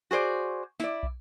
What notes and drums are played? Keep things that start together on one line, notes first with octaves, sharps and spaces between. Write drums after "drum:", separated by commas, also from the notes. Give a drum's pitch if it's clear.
F#4 G#4 C5 D5
E4 D5, drum: snare
drum: kick